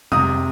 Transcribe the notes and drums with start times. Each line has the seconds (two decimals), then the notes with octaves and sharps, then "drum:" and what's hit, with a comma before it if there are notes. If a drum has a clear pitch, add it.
0.12 C3 A#5 D#6, drum: tom F2